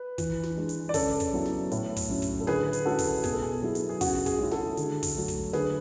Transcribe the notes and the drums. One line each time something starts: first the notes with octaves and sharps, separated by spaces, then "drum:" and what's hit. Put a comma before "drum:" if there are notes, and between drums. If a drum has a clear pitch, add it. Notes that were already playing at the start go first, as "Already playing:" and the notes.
Already playing: B4
E3, drum: kick, hi-hat
drum: snare
G#3 D4
drum: hi-hat
D5
C#3 A4 C#5, drum: kick, open hi-hat
drum: kick, hi-hat
F#3 B3 E4
drum: snare
A2, drum: hi-hat
drum: kick, open hi-hat
F#3 C#4 E4
drum: kick, hi-hat
A4
D3 G#4 B4, drum: snare
drum: hi-hat
G#3 C#4 E4 F#4 A4
drum: kick, open hi-hat
B2 G#4, drum: kick, hi-hat
A4
G#4
F#3 B3 E4 G#4
drum: hi-hat
G#4
C#3 F#4, drum: kick, open hi-hat
G#4, drum: kick, hi-hat
G#3 C#4 E4
F#4 A4, drum: snare
D3, drum: hi-hat
drum: kick, open hi-hat
F#3 A3
drum: kick, hi-hat
D3 G#4 B4, drum: snare